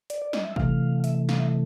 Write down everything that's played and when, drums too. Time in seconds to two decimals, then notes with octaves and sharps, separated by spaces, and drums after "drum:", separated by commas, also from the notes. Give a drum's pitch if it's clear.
0.10 D5, drum: hi-hat
0.22 D5
0.33 D#5, drum: snare
0.44 E5
0.56 C3 E3 A3 F5, drum: kick
1.04 E5, drum: hi-hat
1.29 F5, drum: snare
1.40 E5